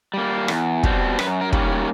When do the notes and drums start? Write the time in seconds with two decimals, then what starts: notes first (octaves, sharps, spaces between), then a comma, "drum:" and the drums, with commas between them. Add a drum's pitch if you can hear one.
0.14 G3 A#3
0.48 E2, drum: rim click
0.83 B2 G3 C4, drum: kick
1.19 F#2 B4, drum: rim click
1.41 A#4
1.53 D#3 G3 A#3 C#4, drum: kick